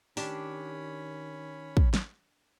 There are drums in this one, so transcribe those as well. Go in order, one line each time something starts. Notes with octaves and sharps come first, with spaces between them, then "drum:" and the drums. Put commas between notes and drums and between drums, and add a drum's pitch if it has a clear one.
D#3 C#4 D4 G4 C#5 B5, drum: open hi-hat
drum: kick
drum: snare